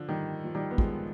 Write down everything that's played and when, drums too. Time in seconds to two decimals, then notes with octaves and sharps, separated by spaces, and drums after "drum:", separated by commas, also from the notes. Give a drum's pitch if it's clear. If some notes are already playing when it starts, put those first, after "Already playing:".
Already playing: D3 F3
0.09 D#3 G3
0.44 F3
0.55 D#3 G3
0.71 B3
0.78 F3 G#3, drum: kick